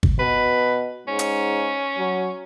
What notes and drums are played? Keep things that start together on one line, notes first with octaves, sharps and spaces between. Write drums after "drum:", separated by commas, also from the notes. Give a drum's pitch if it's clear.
drum: kick
B2 B4
G#2 C#4
drum: hi-hat
F#3